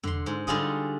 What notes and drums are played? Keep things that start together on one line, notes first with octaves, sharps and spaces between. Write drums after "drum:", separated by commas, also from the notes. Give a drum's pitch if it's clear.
D3 C6, drum: tom E2
G#2
D3 G3 F4 G#4 D#5, drum: kick